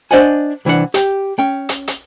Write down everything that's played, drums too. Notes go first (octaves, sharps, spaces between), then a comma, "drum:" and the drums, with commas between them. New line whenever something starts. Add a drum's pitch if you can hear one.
D4 C5 D5 D#5 F#5 G#5
C2 E3 A#3 D4 F#5
G4, drum: hi-hat
C#4 G5
drum: hi-hat
drum: hi-hat